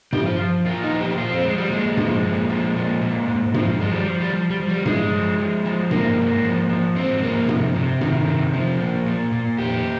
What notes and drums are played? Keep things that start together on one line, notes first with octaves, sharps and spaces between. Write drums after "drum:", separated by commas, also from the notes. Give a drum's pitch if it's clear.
F3 G4, drum: tom G2
F4
F3
A#2 F4
D#4
F3
G4
F3 F4
C4
F3 G#3
G3
A#2 G#3
F3, drum: tom G2
A#2
F3
A#2
A#2
G#2
F3, drum: tom G2
F3 G#3
G3
F3
G3
F3
G3
F3
G3
F3 G#3, drum: tom G2
F3
F3
F3
G#2 A#3, drum: tom G2
G#2
F3
F3
G#2 C4
F3 A#3
C3, drum: tom G2
C3
D#3, drum: tom G2
C3
F3
A#2
A#2
A#2
F2 G4